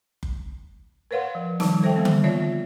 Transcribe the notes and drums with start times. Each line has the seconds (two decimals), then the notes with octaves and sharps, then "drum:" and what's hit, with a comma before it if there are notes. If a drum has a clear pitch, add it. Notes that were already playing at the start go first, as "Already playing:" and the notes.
0.23 drum: kick F#1
1.11 A#4 B4 C#5 F5 F#5 C6
1.35 F3
1.60 D#3 F3 G3 D#4 A5, drum: snare
1.83 A4 C5 E5 G5
1.96 G3 A#3 B3
2.05 drum: tom D3
2.24 B3 F4 C#5 D5 E5